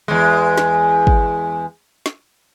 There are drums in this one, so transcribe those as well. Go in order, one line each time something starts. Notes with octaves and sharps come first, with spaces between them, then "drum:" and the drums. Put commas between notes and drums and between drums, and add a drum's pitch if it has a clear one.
E2 G#3
drum: snare
drum: kick
drum: snare